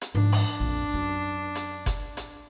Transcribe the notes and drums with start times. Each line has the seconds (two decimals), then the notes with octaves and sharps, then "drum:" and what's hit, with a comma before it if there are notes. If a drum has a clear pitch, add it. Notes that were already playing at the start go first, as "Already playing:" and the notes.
0.01 drum: hi-hat
0.15 G#2 F3 D4
0.32 drum: open hi-hat
0.60 A#1 F2
0.94 F#2
1.55 drum: hi-hat
1.86 drum: kick F#1, hi-hat
2.17 drum: hi-hat